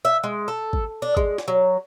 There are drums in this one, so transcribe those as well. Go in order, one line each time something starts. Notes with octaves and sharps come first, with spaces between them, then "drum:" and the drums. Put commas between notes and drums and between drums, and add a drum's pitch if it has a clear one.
E5
G#3
A4
drum: kick
D4
G#3, drum: kick
drum: snare
F#3